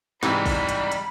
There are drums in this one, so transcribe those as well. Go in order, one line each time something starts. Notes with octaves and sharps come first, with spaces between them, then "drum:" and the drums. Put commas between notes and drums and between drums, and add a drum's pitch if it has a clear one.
G#2 C3 E3 G3 D#4 B5, drum: snare
drum: kick, open hi-hat
drum: hi-hat
drum: hi-hat